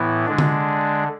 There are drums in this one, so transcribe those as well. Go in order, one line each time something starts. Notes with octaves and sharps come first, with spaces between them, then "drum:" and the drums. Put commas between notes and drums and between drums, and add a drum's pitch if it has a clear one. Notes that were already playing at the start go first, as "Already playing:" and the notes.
Already playing: A2 E3 B3 E4
D3 G#3 D4
drum: tom D3